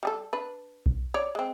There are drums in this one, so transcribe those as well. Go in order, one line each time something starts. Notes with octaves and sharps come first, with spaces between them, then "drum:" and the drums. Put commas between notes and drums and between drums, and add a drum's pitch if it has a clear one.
G3 G#4 A4
D4 B4
drum: kick B1
C#5 D5
G#3 C4